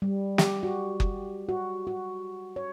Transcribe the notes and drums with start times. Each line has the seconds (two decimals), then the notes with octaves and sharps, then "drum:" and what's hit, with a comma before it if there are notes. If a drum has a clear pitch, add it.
0.02 G3
0.38 G4, drum: snare
0.63 F#4
1.00 drum: kick F#1
1.49 F#4
1.87 F#4
2.56 C#5